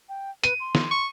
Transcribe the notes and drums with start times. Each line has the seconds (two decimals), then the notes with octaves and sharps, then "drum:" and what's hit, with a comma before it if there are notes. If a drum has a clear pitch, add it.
0.09 G5
0.44 B4 D#7, drum: hi-hat
0.60 C6
0.75 drum: snare
0.91 C#6